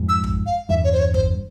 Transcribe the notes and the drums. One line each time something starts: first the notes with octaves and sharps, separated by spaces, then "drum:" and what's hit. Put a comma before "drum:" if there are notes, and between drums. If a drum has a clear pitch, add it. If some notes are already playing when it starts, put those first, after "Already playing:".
Already playing: F2 G#2
E6
drum: kick
F5
E2 G2 E5
C#5
C5
C#5
C5, drum: kick